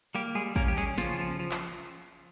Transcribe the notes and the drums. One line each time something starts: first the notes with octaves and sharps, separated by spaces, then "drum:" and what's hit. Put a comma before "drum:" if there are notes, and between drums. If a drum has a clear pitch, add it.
G3 A#3 G4
G3 G#3 G#4
A#3 C#4 A#4, drum: kick
G4
G#3 C#4 G#4
C#3 F3 F4, drum: snare
F3
F3
drum: clap